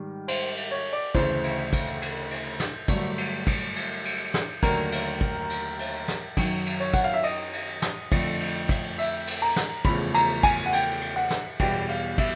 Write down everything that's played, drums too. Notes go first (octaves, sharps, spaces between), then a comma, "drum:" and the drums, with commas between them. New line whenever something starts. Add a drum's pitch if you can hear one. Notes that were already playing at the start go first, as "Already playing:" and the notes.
Already playing: G#2 D#3 G3
C5, drum: cymbal
drum: cymbal
C#5
D5
D2 C#3 E3 A3 C5, drum: kick, cymbal
drum: cymbal
drum: kick, cymbal
drum: cymbal
drum: cymbal
drum: snare
G2 D3 F#3 A3, drum: kick, cymbal
drum: cymbal
drum: kick, cymbal
drum: cymbal
drum: cymbal
drum: snare
D#2 D3 F#3 A3 A#4, drum: kick, cymbal
drum: cymbal
drum: kick
drum: cymbal
drum: cymbal
drum: snare
F#2 D#3 F#3, drum: kick, cymbal
drum: cymbal
C#5
F#5, drum: kick, cymbal
F5
E5
D#5, drum: cymbal
drum: cymbal
drum: snare
F2 D3 F3 A3, drum: kick, cymbal
drum: cymbal
drum: kick, cymbal
E5, drum: cymbal
drum: cymbal
A#5
drum: snare
E2 C#3 F3 A3 B5, drum: kick, cymbal
A#5, drum: cymbal
G#5, drum: kick, cymbal
F#5
G5, drum: cymbal
drum: cymbal
F#5
drum: snare
E2 B2 G3 G5, drum: kick, cymbal
F5, drum: cymbal
E5, drum: kick, cymbal